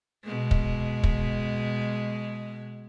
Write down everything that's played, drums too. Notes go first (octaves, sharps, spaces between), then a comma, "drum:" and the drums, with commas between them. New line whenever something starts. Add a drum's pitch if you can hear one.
B2 G#3
drum: kick
drum: kick